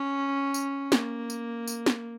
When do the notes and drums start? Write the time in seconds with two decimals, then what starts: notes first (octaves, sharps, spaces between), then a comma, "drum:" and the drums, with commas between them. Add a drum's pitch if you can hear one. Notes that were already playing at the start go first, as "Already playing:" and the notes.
Already playing: C#4
0.54 drum: tambourine
0.92 A#3, drum: snare
1.30 drum: tambourine
1.68 drum: tambourine
1.86 drum: snare